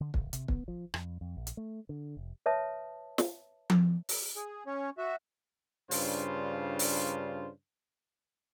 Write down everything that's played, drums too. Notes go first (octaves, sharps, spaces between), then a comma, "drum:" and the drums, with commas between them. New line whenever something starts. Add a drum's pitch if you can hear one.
D3
D1, drum: kick
C3, drum: hi-hat
B3, drum: kick
F3
F2, drum: rim click
F2
A#1
drum: hi-hat
A3
D3
F1
B4 C#5 E5 A5 D#6
drum: snare
drum: tom F3
drum: open hi-hat
G#4
C#4 C#5
F#4 E5
G2 C#3 D4 F4 C5, drum: open hi-hat
drum: open hi-hat